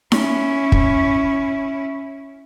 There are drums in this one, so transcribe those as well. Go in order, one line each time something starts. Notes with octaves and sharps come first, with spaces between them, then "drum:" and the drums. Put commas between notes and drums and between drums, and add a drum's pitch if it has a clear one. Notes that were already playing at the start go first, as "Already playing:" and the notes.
C#4 E4, drum: snare D#4
drum: kick